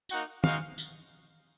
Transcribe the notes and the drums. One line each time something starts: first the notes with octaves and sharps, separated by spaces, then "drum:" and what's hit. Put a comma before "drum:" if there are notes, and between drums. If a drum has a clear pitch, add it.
A#3 D#4 F#4 F#5, drum: tambourine
G#3 D#4 F#4 F5, drum: tom
drum: tambourine